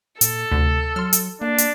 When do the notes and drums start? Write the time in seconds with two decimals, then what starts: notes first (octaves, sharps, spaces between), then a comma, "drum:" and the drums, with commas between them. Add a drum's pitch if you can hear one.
0.21 A#2 A4, drum: hi-hat
0.52 D2 C3
0.96 F#3 C6 F6
1.13 drum: hi-hat
1.41 A#3 D4
1.58 drum: hi-hat